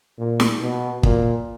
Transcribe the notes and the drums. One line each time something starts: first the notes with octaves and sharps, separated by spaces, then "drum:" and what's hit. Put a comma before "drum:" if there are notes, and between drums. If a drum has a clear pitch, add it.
A#2
drum: snare
B2
A#2, drum: kick